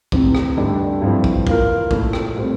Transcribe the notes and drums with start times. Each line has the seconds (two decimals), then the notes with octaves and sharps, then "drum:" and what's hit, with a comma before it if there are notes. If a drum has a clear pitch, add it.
0.12 D2 C3 E3, drum: kick
0.35 drum: rim click
0.57 G2 D3 A3 D4 G4
1.02 G2 F3 C4 E4
1.24 drum: kick
1.47 E3 A#3 F4 A#4, drum: kick
1.91 A#2 A3 E4 A#4, drum: kick
2.13 drum: rim click
2.36 A2 G3 C4